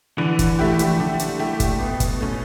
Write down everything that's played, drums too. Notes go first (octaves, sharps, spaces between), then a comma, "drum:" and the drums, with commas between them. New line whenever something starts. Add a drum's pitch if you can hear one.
D3 E3
drum: kick, hi-hat
A3 E4 G4
drum: hi-hat
D3
drum: hi-hat
A3 E4 G4
drum: kick, hi-hat
B2
drum: kick, hi-hat
A3 C#4